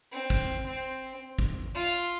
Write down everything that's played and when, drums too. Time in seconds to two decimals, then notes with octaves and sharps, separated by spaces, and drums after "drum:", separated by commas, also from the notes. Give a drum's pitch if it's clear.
0.12 C4
0.30 drum: kick
0.66 C4
1.39 drum: kick
1.75 F4